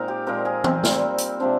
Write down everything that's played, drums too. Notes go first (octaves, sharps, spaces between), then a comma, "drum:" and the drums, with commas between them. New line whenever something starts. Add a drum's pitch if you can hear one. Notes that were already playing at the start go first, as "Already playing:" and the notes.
Already playing: A#2 G#3 C4 D#4 A#4
G4
A#2 F3 G#3 C4 A#4
G#4
C4, drum: tom
A#2 G3 C4, drum: snare
drum: hi-hat
C3 F3 G#3 C4 D4